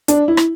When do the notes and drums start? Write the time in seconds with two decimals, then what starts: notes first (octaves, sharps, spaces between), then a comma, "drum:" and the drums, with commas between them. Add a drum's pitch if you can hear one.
0.08 D4, drum: hi-hat
0.28 E4
0.37 drum: rim click